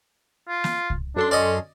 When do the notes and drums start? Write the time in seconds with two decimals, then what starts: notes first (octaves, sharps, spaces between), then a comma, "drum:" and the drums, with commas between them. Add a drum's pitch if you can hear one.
0.48 F4
0.64 drum: snare
0.90 drum: kick C2
1.16 F#2 D4 A4 C6
1.31 C#4 D5 D#5